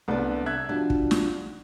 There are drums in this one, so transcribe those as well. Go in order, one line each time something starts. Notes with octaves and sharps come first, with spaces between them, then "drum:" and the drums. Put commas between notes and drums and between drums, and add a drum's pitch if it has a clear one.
C2 A3 B3 D4 D5
E5 F#6 G#6
F3 G3 D4 F#4
drum: kick
drum: snare